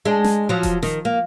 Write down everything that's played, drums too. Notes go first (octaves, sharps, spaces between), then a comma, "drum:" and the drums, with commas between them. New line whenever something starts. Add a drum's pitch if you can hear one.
G#3 D4
drum: snare
F3 F#3
drum: kick E1, hi-hat
D#3, drum: snare
A#3